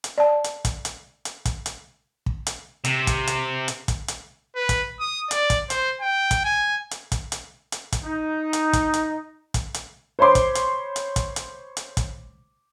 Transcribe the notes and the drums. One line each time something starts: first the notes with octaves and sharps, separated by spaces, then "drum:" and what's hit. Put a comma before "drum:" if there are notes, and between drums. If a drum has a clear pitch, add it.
drum: hi-hat
D5 A5
drum: hi-hat
drum: kick, hi-hat
drum: hi-hat
drum: hi-hat
drum: kick, hi-hat
drum: hi-hat
drum: kick
drum: hi-hat
C3, drum: hi-hat
drum: kick, hi-hat
drum: hi-hat
drum: hi-hat
drum: kick, hi-hat
drum: hi-hat
B4
drum: kick, hi-hat
D#6
D5, drum: hi-hat
drum: kick, hi-hat
C5, drum: hi-hat
G5
drum: kick, hi-hat
G#5
drum: hi-hat
drum: kick, hi-hat
drum: hi-hat
drum: hi-hat
drum: kick, hi-hat
D#4
drum: hi-hat
drum: kick, hi-hat
drum: hi-hat
drum: kick, hi-hat
drum: hi-hat
C5 C#5 B5 C6 D6
drum: kick, hi-hat
drum: hi-hat
drum: hi-hat
drum: kick, hi-hat
drum: hi-hat
drum: hi-hat
drum: kick, hi-hat